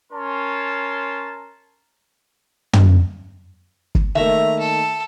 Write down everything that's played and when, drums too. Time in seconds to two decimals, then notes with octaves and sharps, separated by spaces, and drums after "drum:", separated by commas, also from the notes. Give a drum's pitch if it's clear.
0.13 C#4 A#4 A5 C6
2.73 drum: tom
3.95 drum: kick
4.15 D#3 A3 A#3 E5 A#5
4.59 A4